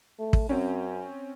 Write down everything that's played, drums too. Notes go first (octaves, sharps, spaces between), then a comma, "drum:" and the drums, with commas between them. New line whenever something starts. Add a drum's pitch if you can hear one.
A3
drum: kick
F#2 C4 C#4